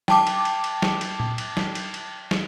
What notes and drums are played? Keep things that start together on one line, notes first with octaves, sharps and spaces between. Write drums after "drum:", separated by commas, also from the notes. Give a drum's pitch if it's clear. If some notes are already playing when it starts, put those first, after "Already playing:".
G5 A5 D6, drum: snare
drum: cymbal
drum: cymbal
drum: cymbal
drum: snare
drum: cymbal
drum: tom A#2
drum: cymbal
drum: snare
drum: cymbal
drum: cymbal
drum: snare